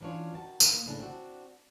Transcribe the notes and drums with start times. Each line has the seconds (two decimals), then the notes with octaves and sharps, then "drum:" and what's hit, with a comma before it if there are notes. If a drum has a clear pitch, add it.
0.01 E3 C#4 D4 F4 C#5
0.33 D#3 F#4 A5
0.60 A#2 D#3 A#3, drum: tambourine
0.86 A2 C#3 D4
0.99 C4 D4 F#4